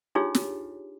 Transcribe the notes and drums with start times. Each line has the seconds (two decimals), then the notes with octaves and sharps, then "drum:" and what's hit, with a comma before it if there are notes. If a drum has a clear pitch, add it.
0.15 D4 D#4 F4 G4 G#4 C#5
0.35 drum: snare